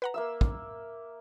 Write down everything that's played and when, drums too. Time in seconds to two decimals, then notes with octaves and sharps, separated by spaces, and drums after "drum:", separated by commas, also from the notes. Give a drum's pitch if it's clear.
0.02 B4 F#5 A#5
0.14 A#3 E5 E6
0.41 drum: kick